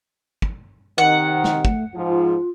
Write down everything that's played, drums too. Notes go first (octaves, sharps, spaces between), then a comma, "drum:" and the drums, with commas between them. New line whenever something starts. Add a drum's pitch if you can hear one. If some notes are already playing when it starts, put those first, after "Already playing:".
drum: kick
C3 D#3 F#5
drum: snare
A3, drum: kick
G#2 F3 F4